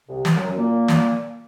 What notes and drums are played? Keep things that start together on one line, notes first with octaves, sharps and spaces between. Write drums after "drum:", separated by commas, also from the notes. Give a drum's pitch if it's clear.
C2 C3
drum: snare
F#2 F#3
F#2 F#3
A#2 A#3
drum: snare